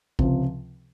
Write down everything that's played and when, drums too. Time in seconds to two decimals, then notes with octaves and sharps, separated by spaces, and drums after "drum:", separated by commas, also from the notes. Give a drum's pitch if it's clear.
0.19 C#2 C3 F3, drum: kick A1